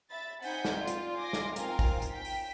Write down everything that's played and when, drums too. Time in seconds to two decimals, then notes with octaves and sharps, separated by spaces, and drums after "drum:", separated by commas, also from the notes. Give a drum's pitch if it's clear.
0.10 E5 B5 A6
0.42 C4 D#4 F#5 G#5 G6 B6, drum: open hi-hat
0.65 drum: snare
0.76 F4 D5
0.88 drum: hi-hat
1.15 G#5 C6 D6 A#6
1.33 drum: snare
1.56 C4 D#4 F4 A#4 F5 G#5, drum: hi-hat
1.79 drum: kick, open hi-hat
2.02 drum: hi-hat
2.11 G5 B6
2.25 drum: open hi-hat